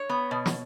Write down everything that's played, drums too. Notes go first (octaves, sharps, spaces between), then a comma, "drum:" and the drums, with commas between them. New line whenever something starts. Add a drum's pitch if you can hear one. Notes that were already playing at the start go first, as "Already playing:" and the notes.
Already playing: C#5
B3
B2
drum: snare